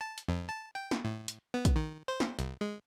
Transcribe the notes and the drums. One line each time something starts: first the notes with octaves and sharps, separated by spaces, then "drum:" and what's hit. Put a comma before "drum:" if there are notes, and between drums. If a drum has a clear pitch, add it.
A5
drum: hi-hat
F2
A5
G5
drum: snare
A2
drum: hi-hat
B3
drum: kick, hi-hat
D#3
C5
drum: snare
C2, drum: hi-hat
G#3